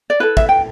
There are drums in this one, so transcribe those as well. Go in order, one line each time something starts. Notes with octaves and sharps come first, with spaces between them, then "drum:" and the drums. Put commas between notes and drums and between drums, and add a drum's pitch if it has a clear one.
D5
E4 A4 B4
E5, drum: kick
G5